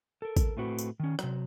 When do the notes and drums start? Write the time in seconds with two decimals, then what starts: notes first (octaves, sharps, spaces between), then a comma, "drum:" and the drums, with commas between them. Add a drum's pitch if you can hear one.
0.22 A4 A#4
0.37 drum: kick A1, tambourine
0.57 A2 A3 C4 F#4 B4
0.79 drum: tambourine
1.00 D#3 C#4
1.19 C3 F#3, drum: rim click